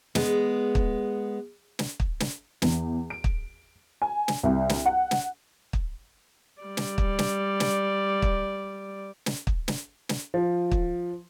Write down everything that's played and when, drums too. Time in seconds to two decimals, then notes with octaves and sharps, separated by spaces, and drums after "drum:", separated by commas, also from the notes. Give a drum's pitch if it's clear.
0.15 G#3 B3, drum: snare
0.75 drum: kick
1.79 drum: snare
2.00 drum: kick
2.20 drum: snare
2.62 E2, drum: snare
3.10 D7
3.24 drum: kick
4.02 G#5
4.28 drum: snare
4.43 C2
4.69 drum: snare
4.86 F#5
5.11 drum: snare
5.73 drum: kick
6.62 G3 D5
6.77 drum: snare
6.98 drum: kick
7.19 drum: snare
7.60 drum: snare
8.22 drum: kick
9.26 drum: snare
9.47 drum: kick
9.68 drum: snare
10.09 drum: snare
10.34 F3
10.72 drum: kick